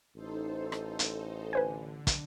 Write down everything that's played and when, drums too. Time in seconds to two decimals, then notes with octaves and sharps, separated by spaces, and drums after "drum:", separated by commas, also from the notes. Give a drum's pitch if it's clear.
0.15 A1 D#4 A4 C5
0.72 drum: rim click
0.99 drum: hi-hat
1.53 D3 B4 C5 G#5
2.07 drum: kick, hi-hat